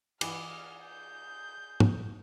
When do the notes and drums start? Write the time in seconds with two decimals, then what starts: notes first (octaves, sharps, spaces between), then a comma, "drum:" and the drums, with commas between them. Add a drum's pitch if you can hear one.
0.21 E3 G#4 D6 F6, drum: cymbal
0.83 G6
1.80 drum: tom G#2